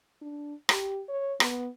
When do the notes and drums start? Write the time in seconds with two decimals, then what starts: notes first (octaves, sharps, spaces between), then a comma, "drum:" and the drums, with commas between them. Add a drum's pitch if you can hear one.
0.22 D4
0.69 G4, drum: rim click
1.09 C#5
1.40 B3, drum: rim click